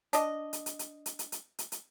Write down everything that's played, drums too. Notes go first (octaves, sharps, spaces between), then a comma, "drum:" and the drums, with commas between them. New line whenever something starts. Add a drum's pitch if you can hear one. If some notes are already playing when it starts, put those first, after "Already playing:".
D4 D#5, drum: hi-hat
drum: hi-hat
drum: hi-hat
drum: hi-hat
drum: hi-hat
drum: hi-hat
drum: hi-hat
drum: hi-hat
drum: hi-hat